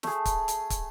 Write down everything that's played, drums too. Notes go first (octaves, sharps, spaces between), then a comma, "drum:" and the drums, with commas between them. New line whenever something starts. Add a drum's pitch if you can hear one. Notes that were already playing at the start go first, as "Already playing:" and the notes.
A3 G#4, drum: snare
drum: kick, hi-hat
drum: hi-hat
drum: kick, hi-hat